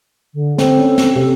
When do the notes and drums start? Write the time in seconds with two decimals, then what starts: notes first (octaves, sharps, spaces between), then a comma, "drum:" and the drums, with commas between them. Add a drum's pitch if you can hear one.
0.34 D3
0.58 C4 A4, drum: snare
0.79 C#4
0.98 drum: snare
1.16 C3